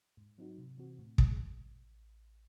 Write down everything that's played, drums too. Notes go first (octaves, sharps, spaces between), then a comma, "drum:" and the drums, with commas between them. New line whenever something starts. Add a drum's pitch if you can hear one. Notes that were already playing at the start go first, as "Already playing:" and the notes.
G#2
F#3 C4 D#4 F#4
C3
E3 C4 F#4
A2
E3 G#3, drum: kick
A1